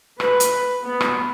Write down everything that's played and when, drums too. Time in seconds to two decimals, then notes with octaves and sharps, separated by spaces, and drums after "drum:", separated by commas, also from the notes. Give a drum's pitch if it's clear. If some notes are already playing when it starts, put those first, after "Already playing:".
0.20 B4, drum: rim click
0.40 drum: hi-hat
0.84 B3
1.01 drum: rim click